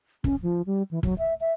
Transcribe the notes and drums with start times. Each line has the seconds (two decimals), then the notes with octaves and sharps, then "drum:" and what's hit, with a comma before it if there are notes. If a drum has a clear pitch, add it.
0.24 C#4, drum: kick
0.42 F3
0.66 G3
0.91 E3
1.03 F#3, drum: kick
1.18 E5
1.40 E5